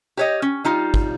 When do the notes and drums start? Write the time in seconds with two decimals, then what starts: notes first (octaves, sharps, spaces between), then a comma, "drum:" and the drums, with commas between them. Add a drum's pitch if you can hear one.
0.17 G4 C#5 D#5
0.42 C#4
0.65 G3 D#4 F4
0.94 drum: kick